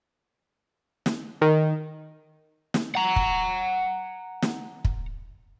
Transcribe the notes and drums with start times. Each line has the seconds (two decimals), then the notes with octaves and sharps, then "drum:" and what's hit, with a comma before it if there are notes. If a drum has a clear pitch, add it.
1.06 drum: snare
1.42 D#3
2.74 drum: snare
2.95 F#5 A#5
3.16 drum: kick
4.42 drum: snare
4.85 drum: kick